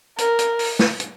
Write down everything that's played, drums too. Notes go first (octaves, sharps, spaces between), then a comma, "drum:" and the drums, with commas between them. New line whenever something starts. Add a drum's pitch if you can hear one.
A#4, drum: hi-hat
drum: hi-hat
drum: open hi-hat
drum: snare
drum: hi-hat